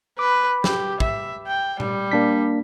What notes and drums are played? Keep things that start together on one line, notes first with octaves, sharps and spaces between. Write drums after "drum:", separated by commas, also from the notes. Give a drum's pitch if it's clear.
B4 D6
G4, drum: snare
E5, drum: kick
G5
G3, drum: tom A#2
A#3 D4 B6